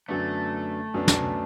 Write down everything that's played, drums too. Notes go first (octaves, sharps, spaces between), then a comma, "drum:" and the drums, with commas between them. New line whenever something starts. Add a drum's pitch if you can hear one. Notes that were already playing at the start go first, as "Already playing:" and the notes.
F#2 D3 F#3 A3 B3 D4
F#2 D3 F#3 B3 D4
drum: snare